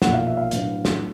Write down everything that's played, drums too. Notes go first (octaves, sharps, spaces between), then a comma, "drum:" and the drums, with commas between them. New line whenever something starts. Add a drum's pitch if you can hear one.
B1 A#2 F3 F#5, drum: snare
F5
E5
F5
A2 F#3 B3 D4, drum: hi-hat
drum: snare